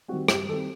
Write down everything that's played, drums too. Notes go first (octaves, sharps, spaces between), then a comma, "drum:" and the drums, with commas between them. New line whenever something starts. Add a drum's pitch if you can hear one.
D#3 G3 C4 F#4
G2 G4, drum: rim click
D#3 G3 C4 A4